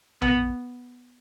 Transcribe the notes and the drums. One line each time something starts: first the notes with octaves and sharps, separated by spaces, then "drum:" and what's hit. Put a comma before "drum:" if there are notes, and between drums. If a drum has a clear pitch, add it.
B3, drum: tom